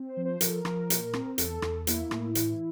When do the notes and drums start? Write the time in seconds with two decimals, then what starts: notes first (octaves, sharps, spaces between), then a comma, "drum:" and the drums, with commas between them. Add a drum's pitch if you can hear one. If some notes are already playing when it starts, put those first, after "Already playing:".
Already playing: C4
0.08 C5
0.17 F3
0.25 C5
0.41 F3 A#4, drum: hi-hat
0.48 A4
0.56 A#4
0.65 F3, drum: rim click
0.90 A#2, drum: hi-hat
1.13 C4, drum: rim click
1.38 E2 A4, drum: hi-hat
1.62 E2, drum: rim click
1.87 A#3 E4, drum: hi-hat
2.11 A2, drum: rim click
2.35 E3, drum: hi-hat